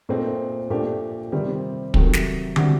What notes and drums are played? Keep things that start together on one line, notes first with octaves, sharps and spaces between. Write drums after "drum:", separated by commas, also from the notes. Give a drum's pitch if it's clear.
A#2 A3 C4 D#4
A#2 A3 D4 G4
C3 D#3 G3 C4
C3 D#3 F#3 A3, drum: kick
drum: snare
C3 G3 D4 F#4, drum: tom D3